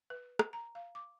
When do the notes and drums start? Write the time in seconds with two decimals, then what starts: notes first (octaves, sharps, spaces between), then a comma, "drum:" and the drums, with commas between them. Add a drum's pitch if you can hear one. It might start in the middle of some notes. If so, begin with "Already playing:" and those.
0.10 B4
0.39 drum: rim click
0.53 A#5
0.75 F5
0.95 D6